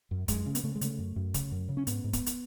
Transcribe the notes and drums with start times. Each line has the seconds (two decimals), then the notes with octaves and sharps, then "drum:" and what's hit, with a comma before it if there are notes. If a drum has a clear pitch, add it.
0.11 F#2
0.28 F#2 G#3, drum: kick, hi-hat
0.46 C#3
0.55 B3, drum: hi-hat
0.63 C#3 A3
0.75 G#3
0.81 C#3 A3, drum: hi-hat
0.99 F#2
1.16 F#2
1.34 C#3, drum: kick, hi-hat
1.52 F#2
1.69 C#3
1.77 C#4
1.87 G#2 B3, drum: hi-hat
2.04 G#2
2.13 B3, drum: kick, hi-hat
2.26 drum: hi-hat